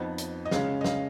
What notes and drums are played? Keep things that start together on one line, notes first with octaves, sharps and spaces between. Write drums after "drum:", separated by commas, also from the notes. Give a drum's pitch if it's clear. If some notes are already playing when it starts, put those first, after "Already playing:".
Already playing: F2 F3 B3 D#4 F#5
drum: hi-hat
D#5
C#3 G#3 C#4 F5, drum: snare
D#5
F5, drum: snare